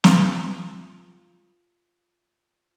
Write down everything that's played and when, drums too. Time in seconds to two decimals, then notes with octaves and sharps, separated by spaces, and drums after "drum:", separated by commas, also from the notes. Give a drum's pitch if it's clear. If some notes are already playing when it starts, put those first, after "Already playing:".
0.04 F4 B4 A#5, drum: snare